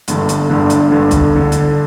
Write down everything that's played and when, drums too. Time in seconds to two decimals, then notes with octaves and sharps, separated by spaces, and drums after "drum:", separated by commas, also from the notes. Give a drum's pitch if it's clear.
0.08 G1 G2 D3, drum: hi-hat
0.29 drum: hi-hat
0.50 G1 G2 D3
0.70 drum: hi-hat
0.90 G1 G2 D3
1.11 drum: kick, hi-hat
1.36 D3
1.52 drum: hi-hat